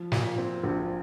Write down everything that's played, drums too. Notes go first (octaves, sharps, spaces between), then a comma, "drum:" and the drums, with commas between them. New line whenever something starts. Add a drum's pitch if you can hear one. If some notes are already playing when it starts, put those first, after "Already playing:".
Already playing: F3
A#2, drum: snare
C4
A#1